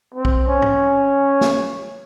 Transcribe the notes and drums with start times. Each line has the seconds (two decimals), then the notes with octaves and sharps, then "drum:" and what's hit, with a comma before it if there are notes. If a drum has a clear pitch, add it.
0.15 C4
0.25 drum: kick
0.48 C#4
0.62 drum: tom
1.41 drum: snare